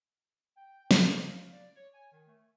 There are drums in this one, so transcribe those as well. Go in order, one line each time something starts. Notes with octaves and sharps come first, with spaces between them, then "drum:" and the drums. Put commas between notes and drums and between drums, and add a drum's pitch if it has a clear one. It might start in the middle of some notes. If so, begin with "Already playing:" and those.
G5
drum: snare
F5
D5
C#5
G#5
D#3
A3